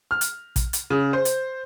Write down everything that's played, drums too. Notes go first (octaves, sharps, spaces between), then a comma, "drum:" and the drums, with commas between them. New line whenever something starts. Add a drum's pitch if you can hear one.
F6
drum: hi-hat
drum: kick, hi-hat
drum: hi-hat
C#3
C5
drum: hi-hat